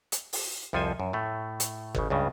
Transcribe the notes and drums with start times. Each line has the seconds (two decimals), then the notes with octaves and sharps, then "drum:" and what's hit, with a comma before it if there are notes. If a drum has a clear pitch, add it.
0.12 drum: hi-hat
0.33 drum: open hi-hat
0.73 C2 F2 F3 A4 C5 G#5
1.00 F#2
1.13 A2 A3
1.60 drum: hi-hat
1.95 A1 C#3, drum: kick
2.10 C#2 G2 C#3